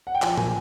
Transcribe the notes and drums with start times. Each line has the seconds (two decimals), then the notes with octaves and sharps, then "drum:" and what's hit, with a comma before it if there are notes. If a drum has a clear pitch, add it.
0.07 F#5
0.15 G5
0.22 F3 G#5, drum: clap
0.38 A#3 G#5, drum: tom